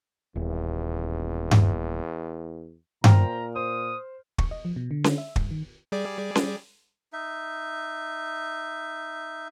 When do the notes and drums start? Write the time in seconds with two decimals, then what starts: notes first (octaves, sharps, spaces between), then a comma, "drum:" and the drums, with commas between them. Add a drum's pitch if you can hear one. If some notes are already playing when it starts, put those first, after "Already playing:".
0.36 D#1 E2
1.51 drum: tom G2
3.04 A#2 C5 G5 A#5 F6, drum: tom G2
3.55 C5 D#6
4.38 C#6, drum: kick
4.51 D#5
4.65 F3
4.76 B2
4.91 D3
5.04 D3, drum: snare C#4
5.18 E5
5.36 G2, drum: kick
5.51 D#3
5.92 G3 G#4 D5
6.35 drum: snare C#4
7.13 D#4 E5